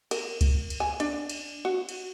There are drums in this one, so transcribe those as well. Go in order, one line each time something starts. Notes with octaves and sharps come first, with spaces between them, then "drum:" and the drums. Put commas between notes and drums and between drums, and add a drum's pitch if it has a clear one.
A#4, drum: cymbal
drum: kick C#2, cymbal
drum: cymbal
G#5
D4, drum: cymbal
drum: cymbal
F#4
drum: cymbal